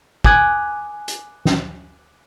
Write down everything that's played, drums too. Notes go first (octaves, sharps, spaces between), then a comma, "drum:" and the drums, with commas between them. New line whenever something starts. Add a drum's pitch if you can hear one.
G#5 B5 D6 D#6 F#6 G#6, drum: kick
drum: hi-hat
drum: snare